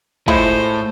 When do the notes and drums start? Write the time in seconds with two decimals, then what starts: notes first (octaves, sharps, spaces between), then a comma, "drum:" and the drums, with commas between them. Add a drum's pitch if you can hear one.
0.28 A2 G#3 E4 F4 C5, drum: kick